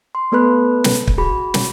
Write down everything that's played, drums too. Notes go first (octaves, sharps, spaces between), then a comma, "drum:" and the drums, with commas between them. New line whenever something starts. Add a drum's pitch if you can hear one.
C6
A3 B3 A4 B4 B5 F#6
drum: snare
drum: kick
F#4 G#4 B5
drum: snare